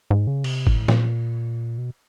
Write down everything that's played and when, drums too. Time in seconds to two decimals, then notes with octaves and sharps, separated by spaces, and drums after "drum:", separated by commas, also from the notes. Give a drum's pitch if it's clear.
0.11 G#2
0.27 C#3
0.44 C3, drum: cymbal
0.67 A2, drum: kick
0.88 A#2, drum: snare
1.78 B2